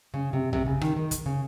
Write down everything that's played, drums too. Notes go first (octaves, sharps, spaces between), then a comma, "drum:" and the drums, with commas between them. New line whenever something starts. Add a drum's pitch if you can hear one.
C#3
C3
C3, drum: tom A#1
C#3
D#3, drum: rim click
D#3
drum: kick, hi-hat
C#3